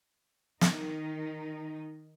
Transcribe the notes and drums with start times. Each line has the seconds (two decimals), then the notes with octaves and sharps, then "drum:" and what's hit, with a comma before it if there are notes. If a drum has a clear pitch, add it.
0.61 D#3 D#4, drum: snare